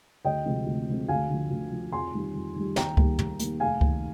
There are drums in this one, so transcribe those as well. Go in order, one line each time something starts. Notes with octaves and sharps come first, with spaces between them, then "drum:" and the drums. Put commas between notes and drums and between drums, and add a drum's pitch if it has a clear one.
D2 D#5 G5
C3 F3 G#3 C4
D2
C3 F3 G#3 C4
D2 F5 G#5
D3 F3
D2
D3 F3
F2 G#5 C6
D#3 G3
F2
D#3 G3
D#2 G5 A#5, drum: snare
D#3 G3 A#3, drum: kick C#2
D#2, drum: tom
D#3 G3 A#3, drum: hi-hat
F1 F5 G#5
D#2 D#3, drum: kick C#2